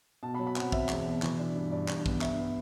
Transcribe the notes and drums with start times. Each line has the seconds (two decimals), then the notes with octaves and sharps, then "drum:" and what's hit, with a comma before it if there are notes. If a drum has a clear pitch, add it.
0.23 B2 A5
0.34 B5
0.39 F#3
0.47 B5
0.56 C4 F#5, drum: clap
0.72 C4 E5, drum: kick
0.89 E2, drum: clap
1.05 B2
1.22 E3, drum: clap
1.39 D4
1.55 G2
1.72 G2 D5
1.88 G2, drum: clap
2.06 B3, drum: kick
2.21 G2 E5, drum: clap
2.39 B3